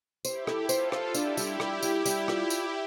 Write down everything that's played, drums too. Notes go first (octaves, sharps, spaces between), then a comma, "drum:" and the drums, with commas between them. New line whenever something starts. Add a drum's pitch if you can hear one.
E4 G4 C5, drum: tambourine
A4, drum: rim click
F4 A4 C5, drum: tambourine
C5, drum: rim click
D4 E4 G4, drum: tambourine
G3, drum: tambourine
G3, drum: rim click
G3, drum: tambourine
G3, drum: tambourine
F4, drum: rim click
drum: tambourine